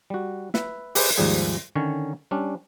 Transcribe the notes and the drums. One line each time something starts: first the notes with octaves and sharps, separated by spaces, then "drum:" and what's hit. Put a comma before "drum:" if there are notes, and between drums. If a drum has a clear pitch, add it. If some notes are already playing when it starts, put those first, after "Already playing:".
G3 F#4
B4 E5, drum: snare
G4 G#4 B4 C5 G5, drum: open hi-hat
D#2 G#2 F3 G3 G#4 G#5
D3 D#3 C#4 C#5
G3 C#4 D4